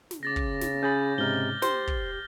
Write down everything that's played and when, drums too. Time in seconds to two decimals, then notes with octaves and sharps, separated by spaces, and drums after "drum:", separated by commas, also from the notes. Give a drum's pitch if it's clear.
0.11 drum: snare
0.23 C#3 D6 A6 A#6
0.36 drum: kick
0.61 drum: snare
0.83 C#4 G#4 B5 G6 A6
1.18 G#2 C3 D#4 F6 G7
1.62 G4 C5, drum: snare
1.87 drum: kick